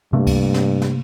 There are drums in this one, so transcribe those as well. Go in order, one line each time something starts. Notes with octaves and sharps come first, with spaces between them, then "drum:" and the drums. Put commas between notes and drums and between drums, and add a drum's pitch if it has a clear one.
G2 C3 A3 A#3
drum: kick C#2, cymbal
drum: snare
drum: snare